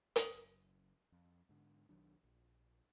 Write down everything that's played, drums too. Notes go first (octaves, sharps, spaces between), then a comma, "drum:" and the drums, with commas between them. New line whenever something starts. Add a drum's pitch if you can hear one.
F#1 F#2, drum: hi-hat
F2
G#2 D3
B1 D#3 F#3 D4
A#1